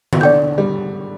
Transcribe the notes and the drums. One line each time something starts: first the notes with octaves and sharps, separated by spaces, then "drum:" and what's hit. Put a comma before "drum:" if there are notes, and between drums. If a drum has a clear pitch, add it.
B2, drum: tom D3
D3 D5 G5 D6 G6
G3